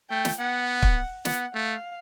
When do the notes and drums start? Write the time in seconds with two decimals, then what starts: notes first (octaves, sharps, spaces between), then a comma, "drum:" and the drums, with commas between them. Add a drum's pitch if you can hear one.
0.10 A3 G5
0.25 drum: snare
0.39 B3 F#5
0.82 drum: kick
1.25 B3 F#5, drum: snare
1.54 A3 F5